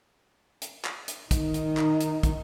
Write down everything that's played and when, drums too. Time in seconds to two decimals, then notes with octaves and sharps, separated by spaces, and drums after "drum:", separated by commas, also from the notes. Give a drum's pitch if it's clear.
0.62 drum: hi-hat
0.85 drum: clap
1.08 drum: hi-hat
1.31 D#3 D#4, drum: kick, hi-hat
1.54 drum: hi-hat
1.77 drum: clap
2.00 drum: hi-hat
2.23 drum: kick, hi-hat